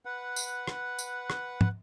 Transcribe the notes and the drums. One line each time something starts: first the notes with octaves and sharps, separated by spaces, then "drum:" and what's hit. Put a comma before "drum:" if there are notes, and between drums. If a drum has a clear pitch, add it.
B4 F#5
drum: tambourine
drum: rim click
drum: tambourine
drum: rim click
drum: tom